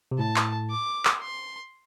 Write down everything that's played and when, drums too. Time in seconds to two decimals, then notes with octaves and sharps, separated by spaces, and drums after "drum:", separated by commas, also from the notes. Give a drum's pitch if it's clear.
0.11 C3
0.19 A2 A5
0.36 drum: clap
0.70 D6
1.05 drum: clap
1.22 C6